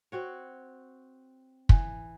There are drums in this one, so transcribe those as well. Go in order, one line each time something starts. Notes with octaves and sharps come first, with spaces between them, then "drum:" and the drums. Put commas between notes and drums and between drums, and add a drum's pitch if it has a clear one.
C4 F#4 C#5
E3, drum: kick